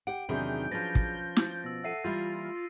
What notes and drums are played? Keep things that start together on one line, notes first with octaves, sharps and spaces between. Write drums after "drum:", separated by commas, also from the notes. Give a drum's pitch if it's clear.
G4 F#5 G5 D7
E2 C3 D#3 F#3 D4 G#4 G6
F3 C#4 B4 A6 A#6
drum: kick
drum: snare
B2 E6 A#6
A4 E5 F#5 E6 C7 D#7
E3 G3 A#3 F4 G6 A6 C7